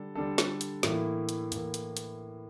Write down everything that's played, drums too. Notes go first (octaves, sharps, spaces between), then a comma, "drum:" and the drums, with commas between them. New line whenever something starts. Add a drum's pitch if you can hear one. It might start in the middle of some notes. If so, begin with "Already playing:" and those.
Already playing: D3 G3 D4 A4
D3 G3 D4 A4
drum: snare
drum: hi-hat
A2 E3 A#3 E4, drum: snare
drum: hi-hat
A2 E3 A#3 E4, drum: hi-hat
drum: hi-hat
drum: hi-hat